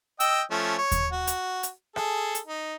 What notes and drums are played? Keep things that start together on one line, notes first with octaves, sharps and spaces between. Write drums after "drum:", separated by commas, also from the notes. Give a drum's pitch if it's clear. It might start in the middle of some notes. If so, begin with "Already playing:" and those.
D#5 G5 E6, drum: hi-hat
F3 A3 C#4
C#5
drum: kick D#2, hi-hat
F#4
drum: hi-hat
drum: hi-hat
G#4 A4, drum: rim click
drum: hi-hat
D#4